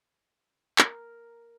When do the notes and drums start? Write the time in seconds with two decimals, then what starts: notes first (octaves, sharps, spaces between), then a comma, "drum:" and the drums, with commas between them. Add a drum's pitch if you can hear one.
0.78 A#4, drum: clap